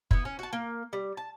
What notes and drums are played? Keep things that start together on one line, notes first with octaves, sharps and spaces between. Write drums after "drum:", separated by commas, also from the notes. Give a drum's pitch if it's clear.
B3 E4, drum: kick
C#4
F#4 A5
A#3
G3
A5